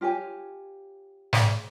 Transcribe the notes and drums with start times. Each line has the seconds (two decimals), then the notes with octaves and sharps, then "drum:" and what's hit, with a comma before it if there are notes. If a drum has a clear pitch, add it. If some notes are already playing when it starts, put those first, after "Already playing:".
0.01 F4 G4 C#5 G#5
1.33 drum: snare